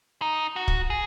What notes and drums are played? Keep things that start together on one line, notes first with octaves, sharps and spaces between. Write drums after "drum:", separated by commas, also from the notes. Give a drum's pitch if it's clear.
D#4
F#4
drum: kick
G#4